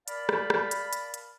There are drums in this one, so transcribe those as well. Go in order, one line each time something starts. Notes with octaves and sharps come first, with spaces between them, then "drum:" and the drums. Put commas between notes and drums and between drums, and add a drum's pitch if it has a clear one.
A#4 D5 F5 A5 B5, drum: hi-hat
drum: rim click
drum: rim click
drum: hi-hat
drum: hi-hat
drum: hi-hat